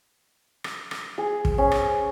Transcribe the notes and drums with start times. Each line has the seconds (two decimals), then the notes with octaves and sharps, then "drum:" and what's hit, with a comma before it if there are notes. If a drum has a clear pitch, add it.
0.64 drum: rim click
0.91 drum: rim click
1.18 G#4
1.45 drum: kick
1.58 C#4
1.72 drum: rim click